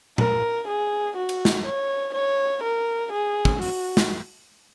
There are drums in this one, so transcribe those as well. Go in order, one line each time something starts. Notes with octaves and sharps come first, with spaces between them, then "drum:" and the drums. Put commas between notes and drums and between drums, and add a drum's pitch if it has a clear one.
A#4, drum: tom A#2
G#4
F#4
drum: cymbal
drum: snare
C#5
C#5
A#4
G#4
drum: kick
F#4, drum: open hi-hat
drum: snare